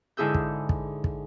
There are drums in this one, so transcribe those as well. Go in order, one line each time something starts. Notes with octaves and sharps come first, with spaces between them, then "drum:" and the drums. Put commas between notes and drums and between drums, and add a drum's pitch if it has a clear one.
G#2 D3 E4 G#4 E6 G6
drum: kick
drum: kick
drum: kick